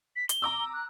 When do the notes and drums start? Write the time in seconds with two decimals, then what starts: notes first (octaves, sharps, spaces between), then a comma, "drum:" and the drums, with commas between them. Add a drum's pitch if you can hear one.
0.16 B6
0.29 G7, drum: hi-hat
0.42 A#5 D6 E6
0.73 F#6